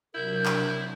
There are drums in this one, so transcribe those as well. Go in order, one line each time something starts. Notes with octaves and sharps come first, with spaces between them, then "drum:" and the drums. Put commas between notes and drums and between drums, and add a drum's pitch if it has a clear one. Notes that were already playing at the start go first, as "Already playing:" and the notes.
C3 F#3 D4 E4 A#4 G6
drum: clap